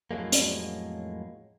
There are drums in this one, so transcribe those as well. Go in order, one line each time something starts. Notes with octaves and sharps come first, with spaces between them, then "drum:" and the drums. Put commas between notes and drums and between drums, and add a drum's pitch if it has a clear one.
F2 A2 F#3 G#3 A#3
drum: hi-hat